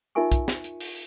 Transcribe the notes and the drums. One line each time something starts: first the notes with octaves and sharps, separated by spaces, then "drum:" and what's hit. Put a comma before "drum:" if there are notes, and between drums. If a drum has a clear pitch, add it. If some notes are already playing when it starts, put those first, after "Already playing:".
D#4 F4 A#4 E5 G#5 C#6
drum: kick, hi-hat
drum: snare
drum: hi-hat
drum: open hi-hat